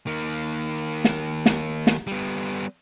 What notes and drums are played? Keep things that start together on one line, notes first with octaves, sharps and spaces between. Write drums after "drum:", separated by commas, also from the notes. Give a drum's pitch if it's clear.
D#3 A#3
drum: snare
drum: snare
drum: snare
G3 B3